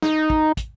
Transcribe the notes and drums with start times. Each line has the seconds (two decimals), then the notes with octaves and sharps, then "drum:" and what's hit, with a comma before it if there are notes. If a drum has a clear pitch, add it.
0.02 D#4, drum: snare
0.30 drum: kick
0.57 drum: kick, hi-hat